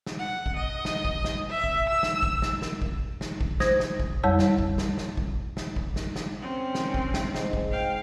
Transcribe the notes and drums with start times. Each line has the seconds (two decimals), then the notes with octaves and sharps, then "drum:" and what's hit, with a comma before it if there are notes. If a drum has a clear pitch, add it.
0.06 drum: snare
0.19 F#5
0.46 drum: kick A1
0.56 D#5
0.85 drum: snare
1.05 drum: kick A1
1.24 drum: snare
1.49 E5
1.64 drum: kick A1
1.89 E6
2.03 drum: snare
2.23 drum: kick A1
2.42 drum: snare
2.62 drum: snare
2.82 drum: kick A1
3.21 drum: snare
3.41 drum: kick A1
3.60 C5 D#6 G#6 A#6, drum: snare
3.80 drum: snare
4.00 drum: kick A1
4.23 F2 G3 C#5 A5 E6
4.39 drum: snare
4.58 drum: kick A1
4.78 drum: snare
4.98 drum: snare
5.17 drum: kick A1
5.57 drum: snare
5.76 drum: kick A1
5.96 drum: snare
6.16 drum: snare
6.39 C4 C#4
6.75 drum: snare
6.94 drum: kick A1
7.14 drum: snare
7.35 G#2, drum: snare
7.53 drum: kick A1
7.71 F5 G5